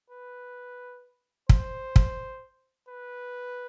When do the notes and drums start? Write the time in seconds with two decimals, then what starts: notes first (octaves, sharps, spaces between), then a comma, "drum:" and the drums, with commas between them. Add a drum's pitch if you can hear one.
0.10 B4
1.49 C5, drum: kick
1.96 drum: kick
2.89 B4